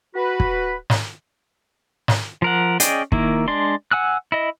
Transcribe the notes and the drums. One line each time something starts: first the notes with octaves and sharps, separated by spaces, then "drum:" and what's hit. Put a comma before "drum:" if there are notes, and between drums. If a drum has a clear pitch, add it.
F#4 B4
drum: kick
drum: snare
drum: snare
F3 A#4 F#5
C#4 G#4 D5 D#5 G5, drum: hi-hat
D#3 A#3 E4, drum: kick
G#3 D4 D5 C6
F#5 G#5 E6 F#6
E4 D#5